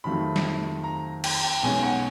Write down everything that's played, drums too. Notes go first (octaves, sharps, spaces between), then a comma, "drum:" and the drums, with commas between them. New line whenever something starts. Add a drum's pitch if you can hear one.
F2 C3 D#3 F#3 A3 B5
drum: snare
A#5
G5, drum: cymbal
G5
B1 B2 G#3 C#4 G#5
F#5